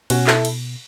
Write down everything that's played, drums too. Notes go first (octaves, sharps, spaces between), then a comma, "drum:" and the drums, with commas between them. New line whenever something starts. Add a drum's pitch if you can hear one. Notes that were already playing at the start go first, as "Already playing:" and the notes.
B2 C#4 F#4, drum: cymbal
E4 A4, drum: clap
drum: cymbal